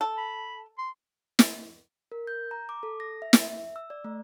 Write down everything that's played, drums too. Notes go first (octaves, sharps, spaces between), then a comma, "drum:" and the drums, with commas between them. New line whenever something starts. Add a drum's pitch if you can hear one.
A4
B5
C6
drum: snare
A#4
G6
A#5
D6
A4
A#6
E5
drum: snare
E5
E6
D5
A3